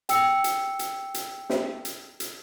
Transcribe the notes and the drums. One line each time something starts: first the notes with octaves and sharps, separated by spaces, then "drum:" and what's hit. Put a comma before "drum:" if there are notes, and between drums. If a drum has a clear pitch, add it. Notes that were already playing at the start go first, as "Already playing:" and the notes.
G5 E6 C#7, drum: hi-hat
drum: hi-hat
drum: hi-hat
drum: hi-hat
drum: snare
drum: hi-hat
drum: hi-hat